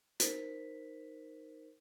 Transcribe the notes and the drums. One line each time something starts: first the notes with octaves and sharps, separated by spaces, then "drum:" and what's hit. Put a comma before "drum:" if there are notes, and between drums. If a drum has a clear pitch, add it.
D#4 A#4 C5 B6, drum: hi-hat